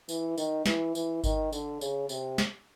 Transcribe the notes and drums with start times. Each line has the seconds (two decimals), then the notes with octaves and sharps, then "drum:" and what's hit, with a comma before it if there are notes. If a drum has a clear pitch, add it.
0.09 E3, drum: tambourine
0.38 D#3, drum: tambourine
0.66 E3, drum: snare
0.95 E3, drum: tambourine
1.24 D#3, drum: kick G1, tambourine
1.52 D3, drum: tambourine
1.81 C#3, drum: tambourine
2.09 C3, drum: tambourine
2.38 drum: snare